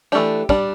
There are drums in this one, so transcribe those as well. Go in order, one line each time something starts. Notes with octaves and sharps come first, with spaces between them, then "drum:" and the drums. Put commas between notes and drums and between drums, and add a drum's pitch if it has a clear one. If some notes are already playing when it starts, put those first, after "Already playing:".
E3 A3 D4 G4
G3 D4, drum: kick